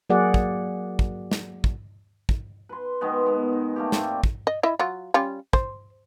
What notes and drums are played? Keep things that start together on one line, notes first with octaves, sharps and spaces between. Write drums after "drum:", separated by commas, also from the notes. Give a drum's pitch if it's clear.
F#3 A#3 F#4 G#4 D5 F#5
drum: kick
drum: kick
drum: snare
drum: kick
drum: kick
B4 C6
B2 D#3 G#3 B3
G#3 B3
D#4
A3 A#3 G4
C4 D5, drum: snare
drum: kick
D#5
E4 D#5 E5
F#3 F4
G3 C#4 F4
C5, drum: kick